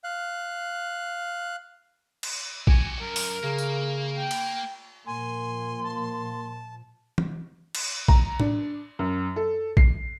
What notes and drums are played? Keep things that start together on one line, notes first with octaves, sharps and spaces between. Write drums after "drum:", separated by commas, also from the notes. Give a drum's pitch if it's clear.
F5 F#6
drum: cymbal
F#4 G4 G#5, drum: kick
F#2 A#4
drum: open hi-hat
C#3 A#3
drum: tambourine
G5
drum: cymbal
A#2 F3 A#3 G#5 C6
A5
drum: tom
drum: cymbal
A#5, drum: kick
D4, drum: tom A2
F#2
A4
C7, drum: kick